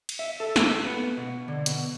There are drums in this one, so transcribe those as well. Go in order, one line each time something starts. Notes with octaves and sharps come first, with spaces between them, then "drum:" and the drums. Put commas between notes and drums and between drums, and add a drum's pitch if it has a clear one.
drum: cymbal
E5
A4
drum: snare
B3
B2
D3
B2, drum: hi-hat